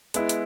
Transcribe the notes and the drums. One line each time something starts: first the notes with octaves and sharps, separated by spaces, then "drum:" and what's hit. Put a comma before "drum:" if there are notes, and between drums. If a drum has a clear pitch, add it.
G#3 B3 E4, drum: hi-hat
drum: hi-hat